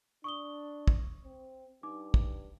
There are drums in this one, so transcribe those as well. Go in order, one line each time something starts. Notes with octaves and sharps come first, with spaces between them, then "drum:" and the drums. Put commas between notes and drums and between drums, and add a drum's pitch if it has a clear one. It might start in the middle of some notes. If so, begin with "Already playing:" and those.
D4 C#6 D#6 G7
drum: kick
C4
G2 D#4 D6
drum: kick